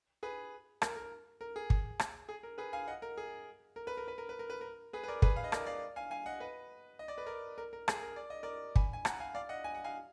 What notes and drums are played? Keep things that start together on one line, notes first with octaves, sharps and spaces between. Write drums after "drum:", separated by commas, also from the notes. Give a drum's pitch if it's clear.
G#4 B4
A#4, drum: rim click
A#4
A#4
G#4
drum: kick
drum: rim click
G#4
A#4
G#4 B4
F5 G#5
D#5 F#5
A#4
G#4
A#4
B4
A#4
B4
A#4
B4
A#4
B4
A#4
G#4 B4
B4
A#4 D5
G#4 B4, drum: kick
F5
D#5
A#4 D5, drum: rim click
D5 F5
F5 G#5
F5 G#5
D#5 F#5
B4 D#5
D#5
D5
B4
A#4 D5
A#4
A#4
G#4, drum: rim click
A#4
D5
D#5
A#4 D5
G#5 B5, drum: kick
G#5
F#5 A#5, drum: rim click
F5 G#5
D5 F5
D#5 F#5
G#5
F#5
F5 G#5